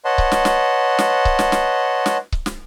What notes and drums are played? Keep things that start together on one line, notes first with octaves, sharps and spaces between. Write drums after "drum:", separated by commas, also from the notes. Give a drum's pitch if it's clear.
B4 C#5 D#5 F#5 A5 C6
drum: kick C#1
drum: snare
drum: snare
drum: snare
drum: kick C#1
drum: snare
drum: snare
drum: snare
drum: kick C#1
drum: snare